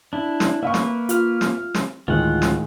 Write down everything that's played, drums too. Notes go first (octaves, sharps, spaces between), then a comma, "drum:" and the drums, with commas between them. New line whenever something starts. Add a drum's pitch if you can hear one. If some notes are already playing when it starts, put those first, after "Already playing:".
D4 E4
drum: snare
A#3 B4 E5 F5 C#6
drum: snare
F4 F6, drum: hi-hat
drum: snare
drum: snare
D2 A2 D#3 G#3 F4 F#5
drum: snare